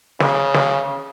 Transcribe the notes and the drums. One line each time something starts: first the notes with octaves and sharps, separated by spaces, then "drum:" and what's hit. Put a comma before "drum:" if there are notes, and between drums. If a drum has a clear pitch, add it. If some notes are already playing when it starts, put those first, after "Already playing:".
C#3, drum: snare
drum: snare